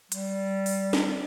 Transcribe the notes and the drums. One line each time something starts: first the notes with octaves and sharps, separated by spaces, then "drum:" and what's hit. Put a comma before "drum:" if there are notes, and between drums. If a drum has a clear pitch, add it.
G3, drum: hi-hat
drum: open hi-hat
drum: snare